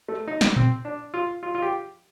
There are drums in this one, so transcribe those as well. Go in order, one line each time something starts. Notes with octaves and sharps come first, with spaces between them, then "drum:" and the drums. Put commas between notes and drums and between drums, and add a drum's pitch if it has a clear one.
A3
D#4
drum: snare
C4, drum: tom A#2
D4
F4
F4
F4
G4